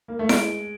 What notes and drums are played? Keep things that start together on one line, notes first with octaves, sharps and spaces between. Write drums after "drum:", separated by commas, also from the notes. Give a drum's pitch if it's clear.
A#3
A3
G#3 D7, drum: snare E4